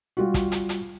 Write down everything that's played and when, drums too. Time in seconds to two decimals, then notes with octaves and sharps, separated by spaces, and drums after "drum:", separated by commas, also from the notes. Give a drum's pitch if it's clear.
0.17 G3 F4 F#4
0.34 drum: kick, hi-hat
0.52 drum: hi-hat
0.69 drum: hi-hat